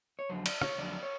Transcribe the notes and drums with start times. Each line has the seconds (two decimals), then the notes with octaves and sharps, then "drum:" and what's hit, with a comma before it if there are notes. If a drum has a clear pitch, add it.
0.19 C#5
0.29 F2 D3 F#3 C5
0.46 D5, drum: cymbal
0.62 C#5, drum: rim click
0.78 F2 D3 F#3 D5
1.03 C#5